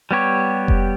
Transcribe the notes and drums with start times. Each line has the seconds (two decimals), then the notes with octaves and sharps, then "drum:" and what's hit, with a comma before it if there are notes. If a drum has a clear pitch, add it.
0.11 G3 B3 G4 C#5
0.68 drum: kick F1